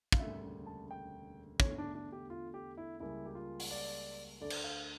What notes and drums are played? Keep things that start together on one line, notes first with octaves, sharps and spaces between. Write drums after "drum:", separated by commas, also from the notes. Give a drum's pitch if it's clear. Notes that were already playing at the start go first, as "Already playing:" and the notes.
F5, drum: kick
E1 D2 C#3 G3 A#3 E5
A5
G5
E2 D3 A3 C#5, drum: kick
D4
D4
G4
F4
G4
E4
C#2 C#3 G3 A#3 E4
G4
F4
drum: open hi-hat
D5
D2 D3 A3 D5
drum: cymbal
F5